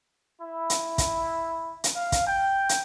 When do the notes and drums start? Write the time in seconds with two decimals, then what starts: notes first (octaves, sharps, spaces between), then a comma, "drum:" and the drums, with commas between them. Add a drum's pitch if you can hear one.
0.41 E4
0.70 drum: hi-hat
0.98 drum: kick, hi-hat
1.84 drum: hi-hat
1.94 F5
2.12 drum: kick, hi-hat
2.26 G5
2.69 drum: hi-hat